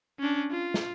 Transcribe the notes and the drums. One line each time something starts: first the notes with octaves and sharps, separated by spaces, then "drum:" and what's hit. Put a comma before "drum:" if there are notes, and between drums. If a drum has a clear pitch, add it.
C#4 D4
F4
drum: snare